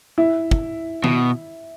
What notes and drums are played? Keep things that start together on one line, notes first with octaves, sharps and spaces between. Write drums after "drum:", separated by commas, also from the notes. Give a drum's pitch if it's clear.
E4
drum: kick
B2, drum: tom D#3